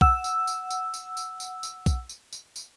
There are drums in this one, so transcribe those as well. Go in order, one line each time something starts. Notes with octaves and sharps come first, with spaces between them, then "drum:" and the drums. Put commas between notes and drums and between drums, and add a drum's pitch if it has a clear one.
F#5 E6, drum: kick B1
drum: tambourine
drum: tambourine
drum: tambourine
drum: tambourine
drum: tambourine
drum: tambourine
drum: tambourine
drum: kick B1, tambourine
drum: tambourine
drum: tambourine
drum: tambourine